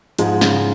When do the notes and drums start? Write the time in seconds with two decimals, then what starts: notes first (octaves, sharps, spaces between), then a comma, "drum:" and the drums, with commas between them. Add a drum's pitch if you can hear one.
0.18 G#2 F3 G#3, drum: hi-hat
0.41 C#3, drum: snare